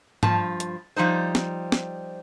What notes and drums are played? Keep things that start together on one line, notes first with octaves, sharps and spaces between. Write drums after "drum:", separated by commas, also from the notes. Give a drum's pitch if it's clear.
G2 F3 A5, drum: tom G#2
drum: hi-hat
F3 G3 D#4 C5
drum: snare
drum: snare